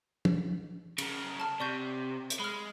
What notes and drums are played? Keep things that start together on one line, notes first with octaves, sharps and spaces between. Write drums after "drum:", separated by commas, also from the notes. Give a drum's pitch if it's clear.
drum: tom
C#3 A#4, drum: cymbal
A5 F6
C3 D5 C#6 G6
drum: hi-hat
G#3 B5 F6